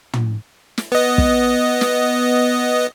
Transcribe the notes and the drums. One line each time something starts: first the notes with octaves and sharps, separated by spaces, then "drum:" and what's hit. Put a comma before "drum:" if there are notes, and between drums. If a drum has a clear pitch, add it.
drum: tom
drum: snare
B3 D#5
drum: kick
drum: snare